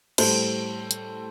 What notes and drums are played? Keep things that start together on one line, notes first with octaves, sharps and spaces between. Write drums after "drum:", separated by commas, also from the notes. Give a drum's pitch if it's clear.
A2 G3 A4 C5, drum: cymbal
drum: hi-hat